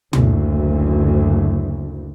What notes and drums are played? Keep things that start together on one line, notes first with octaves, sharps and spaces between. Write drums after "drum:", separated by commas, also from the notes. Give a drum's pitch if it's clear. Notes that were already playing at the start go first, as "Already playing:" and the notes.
F#1 D2, drum: tom